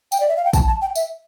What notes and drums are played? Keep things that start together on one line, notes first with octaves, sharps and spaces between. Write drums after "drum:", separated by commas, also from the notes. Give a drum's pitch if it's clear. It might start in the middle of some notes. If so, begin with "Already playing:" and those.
G5, drum: tambourine
D5
E5
F5
G5
A5, drum: kick, tambourine
A5
G5
E5, drum: tambourine